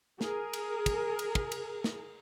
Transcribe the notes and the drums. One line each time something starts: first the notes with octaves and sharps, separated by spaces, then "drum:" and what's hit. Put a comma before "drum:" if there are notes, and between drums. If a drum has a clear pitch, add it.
G#4 A#4, drum: snare
drum: cymbal
drum: kick, cymbal
drum: cymbal
drum: kick
drum: cymbal
drum: snare